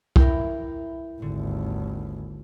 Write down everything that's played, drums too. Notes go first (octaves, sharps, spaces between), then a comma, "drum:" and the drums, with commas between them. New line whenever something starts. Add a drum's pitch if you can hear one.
E4 A#4 G5, drum: kick C2
G#1 D#2 D3